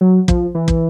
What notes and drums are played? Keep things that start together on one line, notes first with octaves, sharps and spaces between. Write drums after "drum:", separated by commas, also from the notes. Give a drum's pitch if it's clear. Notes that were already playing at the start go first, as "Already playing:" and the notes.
F#3
F3, drum: kick
E3
drum: kick